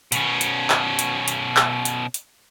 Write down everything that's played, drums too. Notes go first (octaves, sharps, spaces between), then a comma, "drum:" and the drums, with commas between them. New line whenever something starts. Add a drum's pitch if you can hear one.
B2 C#4, drum: hi-hat
drum: hi-hat
drum: clap
drum: hi-hat
drum: hi-hat
drum: clap
drum: hi-hat
drum: hi-hat